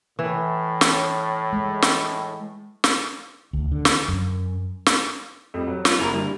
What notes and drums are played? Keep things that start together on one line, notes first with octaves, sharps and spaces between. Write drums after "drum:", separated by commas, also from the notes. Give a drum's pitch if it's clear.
A2 E3
drum: snare
C#5
G#3
drum: snare
drum: snare
D2
D3
drum: snare
F#2
drum: snare
F2 G3
F#3
F4, drum: snare
F#1 E4 G#4 A#4 F7
G2 D3 G3